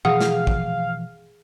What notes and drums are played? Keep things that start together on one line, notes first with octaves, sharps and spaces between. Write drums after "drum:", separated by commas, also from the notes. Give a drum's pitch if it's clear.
B2 E3 F3 G#4 F5 F#5 D#6
drum: snare
drum: kick